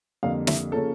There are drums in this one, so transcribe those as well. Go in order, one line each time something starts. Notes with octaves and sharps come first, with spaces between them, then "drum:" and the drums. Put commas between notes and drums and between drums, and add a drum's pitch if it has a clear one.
F2 D3 G3 A#3 F5
E5, drum: snare
C#3 F3 A#3 C#4 A4